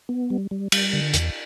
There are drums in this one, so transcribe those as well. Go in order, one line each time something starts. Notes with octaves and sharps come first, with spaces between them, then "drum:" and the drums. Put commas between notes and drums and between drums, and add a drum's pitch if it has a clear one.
B3
G3
G3
G3, drum: cymbal
D3
E2, drum: hi-hat